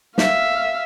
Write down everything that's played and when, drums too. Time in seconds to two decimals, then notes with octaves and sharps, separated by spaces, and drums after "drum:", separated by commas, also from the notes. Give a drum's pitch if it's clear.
0.18 E5 F5, drum: snare